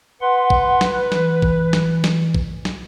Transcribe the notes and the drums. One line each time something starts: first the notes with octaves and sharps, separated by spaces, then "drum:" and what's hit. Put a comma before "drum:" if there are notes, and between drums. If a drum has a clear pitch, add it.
B4 F#5 C6
drum: kick
drum: snare
E3, drum: snare
drum: kick
drum: snare
drum: snare
drum: kick
drum: snare